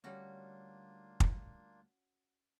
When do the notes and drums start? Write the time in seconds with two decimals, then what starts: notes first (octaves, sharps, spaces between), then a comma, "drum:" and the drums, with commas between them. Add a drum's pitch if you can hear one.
0.04 D2 G3 A#3 C#4 D4 F4 F#4
1.20 drum: kick